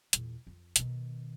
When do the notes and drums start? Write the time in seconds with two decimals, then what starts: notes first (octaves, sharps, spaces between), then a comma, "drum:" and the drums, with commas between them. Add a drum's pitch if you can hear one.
0.13 E2 A#2, drum: hi-hat
0.47 F2
0.76 B2 D#3, drum: hi-hat